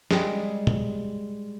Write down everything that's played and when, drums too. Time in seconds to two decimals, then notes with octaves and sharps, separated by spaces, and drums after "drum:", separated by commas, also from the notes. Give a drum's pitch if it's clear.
0.11 G3 G#3, drum: snare
0.67 drum: tom